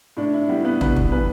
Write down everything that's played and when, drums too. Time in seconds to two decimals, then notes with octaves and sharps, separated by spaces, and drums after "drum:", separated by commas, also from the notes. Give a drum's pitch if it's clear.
0.17 A2 D4
0.33 E4
0.49 G3 B3 G4
0.64 B3 B4
0.81 G3 B3 B4, drum: tom
0.96 drum: kick
1.12 E3 B3 B4